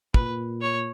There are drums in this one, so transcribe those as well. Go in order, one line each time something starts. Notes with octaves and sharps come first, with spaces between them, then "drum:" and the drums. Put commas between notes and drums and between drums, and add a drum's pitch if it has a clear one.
A#2 B4, drum: kick
C#5